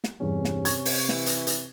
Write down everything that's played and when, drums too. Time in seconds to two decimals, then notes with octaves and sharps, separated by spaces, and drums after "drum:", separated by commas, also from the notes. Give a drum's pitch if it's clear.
0.04 drum: snare
0.20 E2 G2 C3 C#4
0.45 drum: snare
0.65 C#6 G#6, drum: hi-hat
0.85 drum: open hi-hat
1.09 E3, drum: snare
1.26 drum: hi-hat
1.47 drum: hi-hat